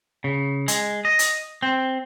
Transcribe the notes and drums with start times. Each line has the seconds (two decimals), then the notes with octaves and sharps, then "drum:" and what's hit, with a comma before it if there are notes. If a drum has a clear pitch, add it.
0.24 C#3
0.68 G#3, drum: hi-hat
1.05 D#5
1.19 drum: hi-hat
1.62 C4